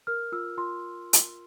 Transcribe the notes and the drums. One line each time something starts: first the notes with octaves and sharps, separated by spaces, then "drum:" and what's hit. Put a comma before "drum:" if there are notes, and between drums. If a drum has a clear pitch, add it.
A#4 F6
F4 E6
F4 C6
drum: hi-hat